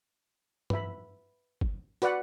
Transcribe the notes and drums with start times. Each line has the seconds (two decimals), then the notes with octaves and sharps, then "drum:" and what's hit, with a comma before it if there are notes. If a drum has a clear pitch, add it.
0.70 B4 E5 B5, drum: tom G2
1.61 drum: kick G1
2.02 F#4 B4 D5 F#5, drum: hi-hat